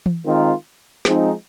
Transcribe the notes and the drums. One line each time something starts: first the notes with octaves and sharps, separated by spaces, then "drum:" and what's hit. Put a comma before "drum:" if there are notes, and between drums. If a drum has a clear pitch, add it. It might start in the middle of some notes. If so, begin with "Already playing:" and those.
drum: tom E3
D#3 G#3 C4 F4 A#4
F3 G#3 C4 D#4, drum: snare